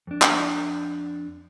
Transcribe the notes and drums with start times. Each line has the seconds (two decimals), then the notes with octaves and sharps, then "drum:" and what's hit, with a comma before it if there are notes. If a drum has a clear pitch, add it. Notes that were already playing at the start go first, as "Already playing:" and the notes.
0.07 F2 D4
0.22 drum: clap